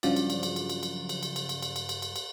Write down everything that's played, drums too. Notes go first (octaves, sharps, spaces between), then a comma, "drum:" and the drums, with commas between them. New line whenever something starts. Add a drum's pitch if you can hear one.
G2 C#3 F3 F#3 D5, drum: cymbal
drum: cymbal
drum: cymbal
drum: cymbal
drum: cymbal
drum: cymbal
drum: cymbal
drum: cymbal
drum: cymbal
drum: cymbal
drum: cymbal
drum: cymbal
drum: cymbal
drum: cymbal
drum: cymbal
drum: cymbal